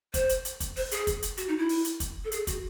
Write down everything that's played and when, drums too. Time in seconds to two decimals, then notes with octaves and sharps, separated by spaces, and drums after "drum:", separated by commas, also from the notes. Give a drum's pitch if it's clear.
0.14 C5, drum: kick, hi-hat
0.29 drum: hi-hat
0.45 drum: hi-hat
0.60 drum: kick, hi-hat
0.76 C5, drum: open hi-hat
0.91 G#4, drum: hi-hat
1.07 drum: kick, hi-hat
1.22 drum: hi-hat
1.37 F#4, drum: hi-hat
1.48 D#4
1.58 E4
1.69 drum: open hi-hat
1.85 drum: hi-hat
2.00 drum: kick, hi-hat
2.25 A4
2.32 G#4, drum: hi-hat
2.47 F#4, drum: kick, hi-hat